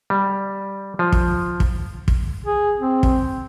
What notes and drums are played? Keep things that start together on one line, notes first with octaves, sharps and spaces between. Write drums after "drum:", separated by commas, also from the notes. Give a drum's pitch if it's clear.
G3
F3
drum: kick
drum: kick
drum: kick
G#4
C4
drum: kick